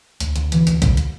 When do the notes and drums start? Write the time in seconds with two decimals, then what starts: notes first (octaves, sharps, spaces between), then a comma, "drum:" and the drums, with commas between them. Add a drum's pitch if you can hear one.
0.20 D2, drum: hi-hat
0.36 D2, drum: hi-hat
0.52 E3, drum: hi-hat
0.67 D2, drum: hi-hat
0.82 D2, drum: kick, hi-hat
0.97 drum: hi-hat